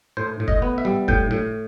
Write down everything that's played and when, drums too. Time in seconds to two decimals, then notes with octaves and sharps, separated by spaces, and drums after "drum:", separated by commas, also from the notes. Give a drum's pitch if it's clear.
0.17 A2 C5
0.40 A2
0.48 D#5, drum: kick F#1
0.62 B3
0.78 E5
0.85 G3
1.08 A2 G5, drum: kick F#1
1.31 A2